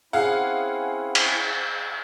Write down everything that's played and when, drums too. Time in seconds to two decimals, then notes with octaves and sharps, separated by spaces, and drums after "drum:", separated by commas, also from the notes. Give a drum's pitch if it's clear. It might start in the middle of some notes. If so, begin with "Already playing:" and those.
0.13 C4 C#4 E4 G#4 F5 F#5
1.15 drum: cymbal